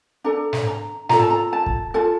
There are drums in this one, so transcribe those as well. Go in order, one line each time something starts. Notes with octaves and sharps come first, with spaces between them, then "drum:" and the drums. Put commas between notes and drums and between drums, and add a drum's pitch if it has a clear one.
D4 A4 A#5
drum: snare
A#5
F4 A4 A#5, drum: snare
A5
A#5
A5
drum: kick
F4 A4 A5